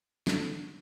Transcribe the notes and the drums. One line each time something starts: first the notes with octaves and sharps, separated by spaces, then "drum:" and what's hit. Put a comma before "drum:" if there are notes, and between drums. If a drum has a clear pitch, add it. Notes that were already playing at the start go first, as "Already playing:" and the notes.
D3, drum: snare